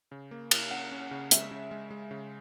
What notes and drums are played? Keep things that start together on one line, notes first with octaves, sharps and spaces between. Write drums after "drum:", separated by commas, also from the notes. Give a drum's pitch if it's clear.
C#3
A#3
A#3, drum: cymbal
C#4 F#5
C#4
C#3
G#3 E5, drum: hi-hat
C#3
G#3
G#3
C#3